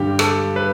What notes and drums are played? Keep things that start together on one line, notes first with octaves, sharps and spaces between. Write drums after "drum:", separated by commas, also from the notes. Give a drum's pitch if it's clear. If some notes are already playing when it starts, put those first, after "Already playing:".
Already playing: G2 D3 G3 G4
A4, drum: rim click
B4